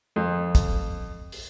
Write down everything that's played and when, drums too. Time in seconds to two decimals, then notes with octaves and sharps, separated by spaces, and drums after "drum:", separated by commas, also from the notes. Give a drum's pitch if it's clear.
0.16 F2
0.55 drum: kick, hi-hat
1.32 drum: open hi-hat